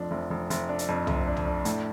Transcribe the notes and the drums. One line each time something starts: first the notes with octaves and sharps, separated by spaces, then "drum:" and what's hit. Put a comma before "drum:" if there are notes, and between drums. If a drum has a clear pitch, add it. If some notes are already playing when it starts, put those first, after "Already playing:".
Already playing: F1 F2 F3 D4
F1
F1
F1, drum: hi-hat
D4
drum: hi-hat
F2
F1, drum: tom
D4
drum: tom
D4
A2, drum: hi-hat